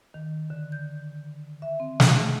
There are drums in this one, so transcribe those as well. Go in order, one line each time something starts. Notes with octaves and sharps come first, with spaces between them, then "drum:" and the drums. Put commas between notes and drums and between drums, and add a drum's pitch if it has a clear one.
D#3
D3
G6
E5
C4
drum: snare
A3